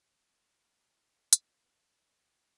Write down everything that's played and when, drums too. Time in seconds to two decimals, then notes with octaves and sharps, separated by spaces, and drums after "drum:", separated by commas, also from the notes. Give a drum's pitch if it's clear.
0.19 F#3
0.30 B3
0.40 A#3
0.50 C#4
0.60 B3
0.71 A#3
0.81 F#3
0.92 E3
1.02 D#3
1.12 C#3
1.22 D#3
1.33 C#3, drum: hi-hat
1.44 D#3
1.54 A#3
1.64 B3